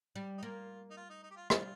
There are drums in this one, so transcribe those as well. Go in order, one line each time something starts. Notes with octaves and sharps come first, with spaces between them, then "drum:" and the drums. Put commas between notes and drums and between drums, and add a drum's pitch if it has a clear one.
G3
D#4
A#3 F4
D#4
F4
D#4
D#4
G4
F4
G3 F4, drum: rim click